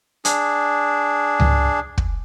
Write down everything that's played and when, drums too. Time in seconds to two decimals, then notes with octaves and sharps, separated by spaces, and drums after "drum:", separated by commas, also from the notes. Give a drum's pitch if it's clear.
0.25 D4 G#4, drum: hi-hat
1.40 drum: tom C#2
1.98 drum: kick